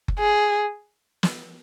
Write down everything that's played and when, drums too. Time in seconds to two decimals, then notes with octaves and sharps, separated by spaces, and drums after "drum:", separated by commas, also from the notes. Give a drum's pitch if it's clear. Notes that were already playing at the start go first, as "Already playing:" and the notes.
0.08 drum: kick F#1
0.19 G#4
1.23 drum: snare